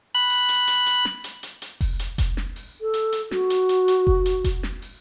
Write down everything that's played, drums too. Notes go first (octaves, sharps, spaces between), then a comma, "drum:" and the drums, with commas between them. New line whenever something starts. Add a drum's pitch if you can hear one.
B5 F#6
drum: open hi-hat
drum: hi-hat
drum: hi-hat
drum: hi-hat
drum: snare
drum: hi-hat
drum: hi-hat
drum: hi-hat
drum: kick F1, open hi-hat
drum: hi-hat
drum: kick F1, hi-hat
drum: snare
drum: open hi-hat
A4
drum: hi-hat
drum: hi-hat
F#4, drum: snare
drum: hi-hat
drum: hi-hat
drum: hi-hat
drum: kick F1
drum: hi-hat
drum: kick F1, hi-hat
drum: snare
drum: open hi-hat